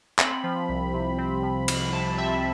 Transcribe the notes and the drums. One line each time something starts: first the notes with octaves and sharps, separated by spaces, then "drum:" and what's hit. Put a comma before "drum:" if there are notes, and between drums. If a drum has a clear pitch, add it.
C4 B5, drum: clap
F3
C2
C3
C4
F3
C2 B5, drum: cymbal
C3 A5
C4 E5